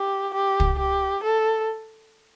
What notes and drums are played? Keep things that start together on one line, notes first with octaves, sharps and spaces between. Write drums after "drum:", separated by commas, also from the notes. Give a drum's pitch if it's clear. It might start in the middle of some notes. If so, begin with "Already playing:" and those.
Already playing: G4
G4
drum: kick
G4
A4